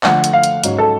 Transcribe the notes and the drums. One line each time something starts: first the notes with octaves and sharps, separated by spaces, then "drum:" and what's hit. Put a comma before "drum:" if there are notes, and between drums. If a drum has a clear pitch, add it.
D3 F3 A3 F#5, drum: clap
drum: hi-hat
F5
drum: hi-hat
G#2 F#3 C#4, drum: hi-hat
A4